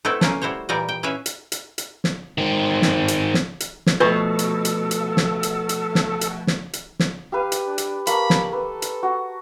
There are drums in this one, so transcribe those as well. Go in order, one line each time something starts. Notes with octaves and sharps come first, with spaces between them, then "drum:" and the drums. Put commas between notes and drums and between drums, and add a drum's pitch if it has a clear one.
A3 B3 C4 E4 A4
A3 A#3 C#4, drum: snare
G3 E4 F#4 C5 C#5
A#2 E3 G3 A#4 D5 D#5
G5
C#4 E4 B4 C#5 E5 F5
drum: hi-hat
drum: hi-hat
drum: hi-hat
drum: snare
D#3 C4
drum: snare
drum: hi-hat
drum: snare
drum: hi-hat
drum: snare
B2 F3 A3 A4 B4
drum: hi-hat
drum: hi-hat
drum: hi-hat
drum: snare
drum: hi-hat
drum: hi-hat
drum: snare
drum: hi-hat
drum: snare
drum: hi-hat
drum: snare
G4 B4 F5
drum: hi-hat
D4
drum: hi-hat
A#3 A5 B5 C#6, drum: hi-hat
drum: snare
A4 B4
drum: hi-hat
F#4